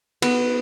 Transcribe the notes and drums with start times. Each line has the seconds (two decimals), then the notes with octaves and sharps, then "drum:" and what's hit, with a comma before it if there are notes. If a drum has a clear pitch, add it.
0.22 B3, drum: cymbal